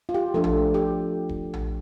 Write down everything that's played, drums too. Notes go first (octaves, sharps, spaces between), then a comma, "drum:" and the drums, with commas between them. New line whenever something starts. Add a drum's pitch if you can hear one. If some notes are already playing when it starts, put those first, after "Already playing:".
F4
G4
F3 A3 D4 A4
drum: tom A#1
G4
drum: kick D#1
drum: tom A#1